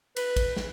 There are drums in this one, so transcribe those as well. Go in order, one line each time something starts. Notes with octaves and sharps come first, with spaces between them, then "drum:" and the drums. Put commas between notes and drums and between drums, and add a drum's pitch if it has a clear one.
B4, drum: cymbal
drum: kick, cymbal
drum: snare